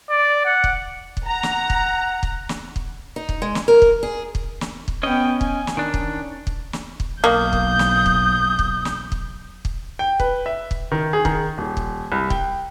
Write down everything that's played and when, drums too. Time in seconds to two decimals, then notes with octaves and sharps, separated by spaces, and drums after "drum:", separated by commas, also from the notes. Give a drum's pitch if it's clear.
0.10 D5
0.46 F#5
0.64 drum: kick
1.17 drum: kick
1.27 F#5 A#5
1.43 drum: snare
1.70 drum: kick
2.23 drum: kick
2.49 drum: snare
2.76 drum: kick
3.16 D#4
3.29 drum: kick
3.42 G#3
3.55 drum: snare
3.68 A#4
3.82 drum: kick
4.03 G#4
4.35 drum: kick
4.61 drum: snare
4.88 drum: kick
5.03 B3 C#4 D#5 G5
5.41 G#5, drum: kick
5.67 drum: snare
5.77 D#3 C#4 D4
5.94 drum: kick
6.47 drum: kick
6.73 drum: snare
7.00 drum: kick
7.24 B1 A#3 D#6 G6
7.53 drum: kick
7.79 drum: snare
8.06 drum: kick
8.59 drum: kick
8.85 drum: snare
9.12 drum: kick
9.65 drum: kick
9.99 G5
10.20 B4, drum: kick
10.46 E5
10.71 drum: kick
10.92 D#3
11.13 G#4
11.25 D#3, drum: kick
11.58 D#1
11.77 drum: kick
12.12 C2
12.30 G5, drum: kick